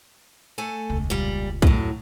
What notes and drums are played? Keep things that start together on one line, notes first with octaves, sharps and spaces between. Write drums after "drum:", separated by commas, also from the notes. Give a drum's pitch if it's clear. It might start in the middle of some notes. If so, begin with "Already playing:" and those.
A3 A4 G#5
E1 C#2
A#2 G3
D2 A2 F#3, drum: kick B1